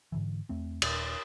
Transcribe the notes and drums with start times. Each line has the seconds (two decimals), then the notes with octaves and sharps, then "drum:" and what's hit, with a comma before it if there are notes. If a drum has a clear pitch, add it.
0.12 G#2 D3 E3
0.49 E2 A3 C4
0.82 D#1, drum: cymbal